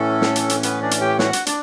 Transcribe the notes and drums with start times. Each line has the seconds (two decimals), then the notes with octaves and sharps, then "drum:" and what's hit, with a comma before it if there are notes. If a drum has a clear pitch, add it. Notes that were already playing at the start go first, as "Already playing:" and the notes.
Already playing: A2 E3 A3 C#4 A4
0.22 drum: snare
0.36 drum: hi-hat
0.49 drum: hi-hat
0.63 B3 B4, drum: hi-hat
0.82 D4 D5
0.91 drum: hi-hat
1.01 G4 G5
1.19 F#4 F#5, drum: snare
1.33 drum: hi-hat
1.46 D4 D5, drum: hi-hat